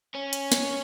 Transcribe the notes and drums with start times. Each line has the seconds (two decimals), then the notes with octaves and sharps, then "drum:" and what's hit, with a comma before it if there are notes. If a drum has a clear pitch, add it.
0.15 C#4
0.33 drum: hi-hat
0.52 drum: snare